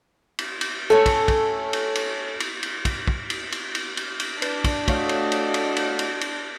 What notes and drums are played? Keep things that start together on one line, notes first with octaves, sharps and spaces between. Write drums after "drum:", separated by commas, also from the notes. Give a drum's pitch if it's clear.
drum: cymbal
drum: cymbal
A3 C#4 A4
drum: kick, cymbal
drum: kick, cymbal
drum: cymbal
drum: cymbal
drum: cymbal
drum: cymbal
drum: kick, cymbal
drum: kick
drum: cymbal
drum: cymbal
drum: cymbal
drum: cymbal
drum: cymbal
D4 B4 D5, drum: cymbal
drum: kick, cymbal
A3 F#4 A4 C#5 D#5 F5, drum: kick, cymbal
drum: cymbal
drum: cymbal
drum: cymbal
drum: cymbal
drum: cymbal
drum: cymbal